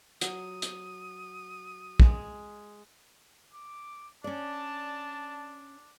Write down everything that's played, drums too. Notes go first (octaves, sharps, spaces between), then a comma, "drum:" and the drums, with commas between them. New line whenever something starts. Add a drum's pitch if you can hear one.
F#3 D#6, drum: hi-hat
drum: hi-hat
G#3, drum: kick
D6
C#4 D4 D5 A5